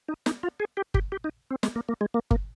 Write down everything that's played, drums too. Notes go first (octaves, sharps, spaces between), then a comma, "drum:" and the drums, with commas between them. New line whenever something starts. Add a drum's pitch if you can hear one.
D#4
D#4, drum: snare
F4
G#4
G4
G4, drum: kick G1
G4
D#4
C4
G#3, drum: snare
A#3
A#3
G#3
A#3
A#3, drum: kick G1